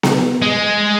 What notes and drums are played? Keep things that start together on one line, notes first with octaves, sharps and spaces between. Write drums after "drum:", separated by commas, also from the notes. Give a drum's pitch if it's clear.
drum: snare B3
G#3